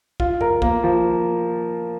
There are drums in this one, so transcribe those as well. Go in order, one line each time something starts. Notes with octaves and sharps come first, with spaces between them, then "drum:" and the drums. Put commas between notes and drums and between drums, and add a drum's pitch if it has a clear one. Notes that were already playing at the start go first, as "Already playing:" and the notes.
F4, drum: kick
A#4, drum: tom F2
A#3, drum: kick
F3